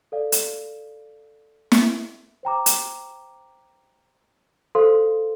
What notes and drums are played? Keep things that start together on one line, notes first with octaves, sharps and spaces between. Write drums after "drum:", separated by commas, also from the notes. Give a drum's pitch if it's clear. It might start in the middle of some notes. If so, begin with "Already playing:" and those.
A4 D5 F5
drum: hi-hat
drum: snare
C5 G5 A#5 D6
drum: hi-hat
A4 C5 F5 C6